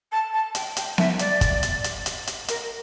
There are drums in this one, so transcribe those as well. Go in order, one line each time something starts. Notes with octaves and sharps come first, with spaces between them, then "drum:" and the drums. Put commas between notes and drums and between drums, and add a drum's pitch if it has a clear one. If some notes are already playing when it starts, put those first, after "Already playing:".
A5
A5
G5, drum: hi-hat
G5, drum: hi-hat
E5, drum: snare B3
D5, drum: hi-hat
drum: kick G1, hi-hat
drum: hi-hat
drum: hi-hat
drum: hi-hat
drum: hi-hat
A#4, drum: hi-hat